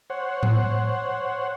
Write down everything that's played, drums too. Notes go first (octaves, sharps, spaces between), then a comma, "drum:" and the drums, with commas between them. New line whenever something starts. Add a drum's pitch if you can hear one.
C5 C#5 F#5
drum: tom A2